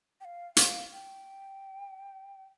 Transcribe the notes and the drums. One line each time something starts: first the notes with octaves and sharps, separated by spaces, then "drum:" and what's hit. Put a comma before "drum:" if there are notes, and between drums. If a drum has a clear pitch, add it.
G5
F5
F5, drum: hi-hat
G5